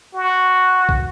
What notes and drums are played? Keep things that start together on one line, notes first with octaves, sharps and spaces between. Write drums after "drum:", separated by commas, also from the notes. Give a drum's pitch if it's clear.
F#4
drum: kick